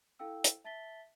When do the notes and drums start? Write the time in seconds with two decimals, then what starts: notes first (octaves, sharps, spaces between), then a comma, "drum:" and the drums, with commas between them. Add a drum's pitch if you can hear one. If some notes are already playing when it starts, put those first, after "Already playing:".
0.19 E4 A4 F5 G5 E6
0.44 drum: hi-hat
0.64 E5 A5 A6 B6 G7